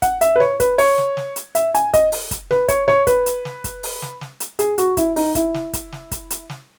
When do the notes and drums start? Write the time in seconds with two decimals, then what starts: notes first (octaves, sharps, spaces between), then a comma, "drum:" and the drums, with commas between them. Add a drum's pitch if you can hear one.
0.02 F#5, drum: kick, hi-hat
0.21 E5, drum: hi-hat
0.36 B4
0.40 C#5, drum: snare
0.60 B4, drum: kick, hi-hat
0.78 C#5, drum: open hi-hat
0.98 drum: snare
1.17 drum: snare
1.36 drum: hi-hat
1.55 E5, drum: hi-hat
1.75 G#5, drum: hi-hat
1.94 D#5, drum: kick, hi-hat
2.12 drum: open hi-hat
2.31 drum: kick, hi-hat
2.51 B4, drum: snare
2.68 C#5, drum: kick, hi-hat
2.88 C#5, drum: snare
3.07 B4, drum: kick, hi-hat
3.26 drum: hi-hat
3.45 drum: snare
3.64 drum: kick, hi-hat
3.83 drum: open hi-hat
4.02 drum: snare
4.21 drum: snare
4.40 drum: hi-hat
4.59 G#4, drum: hi-hat
4.78 F#4, drum: hi-hat
4.97 E4, drum: kick, hi-hat
5.16 D#4, drum: open hi-hat
5.35 E4, drum: kick, hi-hat
5.54 drum: snare
5.73 drum: kick, hi-hat
5.92 drum: snare
6.11 drum: kick, hi-hat
6.30 drum: hi-hat
6.50 drum: snare